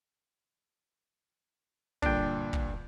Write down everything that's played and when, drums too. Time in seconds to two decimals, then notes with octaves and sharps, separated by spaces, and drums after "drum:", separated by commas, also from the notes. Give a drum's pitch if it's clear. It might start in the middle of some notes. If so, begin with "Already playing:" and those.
2.02 G2 A#2 D3 D4 G5, drum: kick
2.53 drum: kick